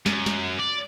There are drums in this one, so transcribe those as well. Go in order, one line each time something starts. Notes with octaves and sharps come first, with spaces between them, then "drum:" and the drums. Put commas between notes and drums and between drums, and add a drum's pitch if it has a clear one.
F#2, drum: snare
drum: snare
D5